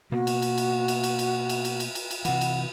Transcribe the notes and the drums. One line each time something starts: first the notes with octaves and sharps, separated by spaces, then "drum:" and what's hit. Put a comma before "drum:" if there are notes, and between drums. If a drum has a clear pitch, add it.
B2 A#3 B3 F#4
drum: cymbal
drum: cymbal
drum: cymbal
drum: cymbal
drum: cymbal
drum: cymbal
drum: cymbal
drum: cymbal
drum: cymbal
drum: cymbal
drum: cymbal
C3 E3 F#5, drum: cymbal
drum: cymbal